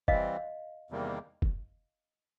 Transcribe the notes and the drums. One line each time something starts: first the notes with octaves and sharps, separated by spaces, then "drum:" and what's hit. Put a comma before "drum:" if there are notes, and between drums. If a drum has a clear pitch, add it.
E3 G3 C4 D#5 F5, drum: kick
E2 C3 D#3 G3 A#3
drum: kick